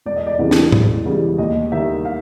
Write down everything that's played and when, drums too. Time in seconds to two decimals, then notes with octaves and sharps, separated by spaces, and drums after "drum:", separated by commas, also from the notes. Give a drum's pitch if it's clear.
0.06 E1 D5
0.16 D#5
0.27 D5
0.39 E2 C#3 E3 G3
0.51 drum: snare
0.72 E1, drum: tom A2
1.05 E2 C#3 E3 G3
1.38 D#2 D#5
1.72 D#3 G3 E5
2.05 F5